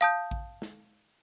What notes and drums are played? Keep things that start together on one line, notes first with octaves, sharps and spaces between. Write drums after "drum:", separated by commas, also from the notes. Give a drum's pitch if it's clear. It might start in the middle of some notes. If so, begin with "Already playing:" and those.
F5 A5 D#6 G6
drum: kick A1
drum: snare